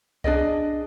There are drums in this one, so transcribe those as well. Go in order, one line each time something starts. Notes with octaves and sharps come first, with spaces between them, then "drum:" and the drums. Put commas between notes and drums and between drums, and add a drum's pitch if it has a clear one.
D4 G#4 D5 D#5, drum: kick C2